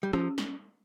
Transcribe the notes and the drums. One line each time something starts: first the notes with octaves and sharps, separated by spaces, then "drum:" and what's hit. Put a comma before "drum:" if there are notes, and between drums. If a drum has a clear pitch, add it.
G3
F3 C#4, drum: rim click
drum: snare